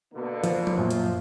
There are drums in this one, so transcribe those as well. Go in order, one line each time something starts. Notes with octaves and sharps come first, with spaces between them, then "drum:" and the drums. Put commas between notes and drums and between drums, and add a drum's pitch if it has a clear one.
B2 D3 A#3
F3, drum: hi-hat
drum: tom F3
F#2 A#2 F3
drum: hi-hat